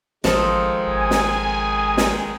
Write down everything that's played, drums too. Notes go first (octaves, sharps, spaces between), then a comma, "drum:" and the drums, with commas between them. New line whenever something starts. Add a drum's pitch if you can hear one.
A1 D#3 F3 G#3 A4, drum: snare
G#1 G#5
drum: snare
drum: snare